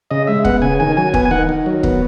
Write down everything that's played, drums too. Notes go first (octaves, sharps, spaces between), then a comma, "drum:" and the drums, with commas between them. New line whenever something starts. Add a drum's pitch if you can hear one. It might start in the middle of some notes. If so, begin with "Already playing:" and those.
C#3 D#5
G#3 E5
B3 F#5, drum: kick
C#3 G#5
D#3 G#5
F#3 G#5
B3 G#5, drum: kick
G#5
D#3 F#5
D#3
F#3
B3, drum: kick